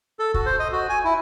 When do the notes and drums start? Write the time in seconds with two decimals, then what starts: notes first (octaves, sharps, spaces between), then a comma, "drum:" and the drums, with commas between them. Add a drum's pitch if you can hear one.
0.19 A4
0.34 F#4, drum: kick
0.46 C5
0.59 D#5
0.72 F#4
0.89 G#5
1.04 E4